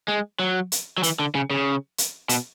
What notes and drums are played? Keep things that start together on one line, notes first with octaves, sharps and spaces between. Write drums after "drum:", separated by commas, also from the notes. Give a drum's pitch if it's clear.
G#3
F#3
drum: hi-hat
F#3
E3, drum: hi-hat
D3
C#3
C#3
drum: hi-hat
B2, drum: hi-hat